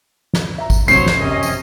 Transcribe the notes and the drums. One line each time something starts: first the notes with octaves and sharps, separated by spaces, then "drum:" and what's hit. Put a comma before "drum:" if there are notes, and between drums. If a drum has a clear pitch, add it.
drum: snare
E5 A#5
drum: kick G#1, tambourine
D2 C3 F#3 C5 C#5 C7, drum: tambourine
drum: snare
F#2 C3 C#4 D#5
drum: tambourine